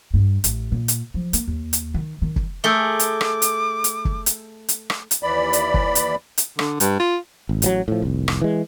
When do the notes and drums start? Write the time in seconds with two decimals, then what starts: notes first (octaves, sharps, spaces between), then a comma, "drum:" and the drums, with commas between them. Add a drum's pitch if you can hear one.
0.14 G2
0.44 A1, drum: hi-hat
0.72 A#2
0.88 drum: hi-hat
1.14 F3
1.33 A#3, drum: hi-hat
1.48 D#2
1.73 drum: hi-hat
1.94 D#3
2.22 D#3
2.36 drum: kick
2.64 A3 G#4 A#4 D6 E6 G6 G7
2.99 drum: hi-hat
3.21 drum: rim click
3.42 drum: hi-hat
3.84 drum: hi-hat
4.05 drum: kick
4.26 drum: hi-hat
4.69 drum: hi-hat
4.90 drum: rim click
5.11 drum: hi-hat
5.23 D#2 E3 D5 B5
5.53 drum: hi-hat
5.74 drum: kick
5.95 drum: hi-hat
6.38 drum: hi-hat
6.59 D3, drum: rim click
6.80 G2, drum: hi-hat
6.99 F4
7.49 G#1
7.62 A1 F3 F#3, drum: hi-hat
7.88 A2 F3
8.02 F1 C2
8.28 drum: rim click
8.41 E3 G#3